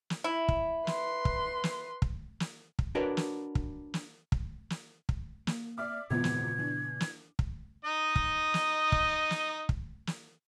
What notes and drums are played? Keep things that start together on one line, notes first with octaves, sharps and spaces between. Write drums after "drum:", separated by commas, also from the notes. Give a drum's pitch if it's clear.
drum: snare
E4
drum: kick
B4 C6, drum: snare
drum: kick
drum: snare
drum: kick
drum: snare
drum: kick
D4 F#4 A#4 B4 C#5 D5
drum: snare
drum: kick
drum: snare
drum: kick
drum: snare
drum: kick
A#3, drum: snare
D5 E5 D6 F6
G#1 E2 A#2 C#3 F3 B3 G#6
drum: snare
E3 D4
drum: snare
drum: kick
D#4 D#5
drum: kick
drum: snare
drum: kick
drum: snare
drum: kick
drum: snare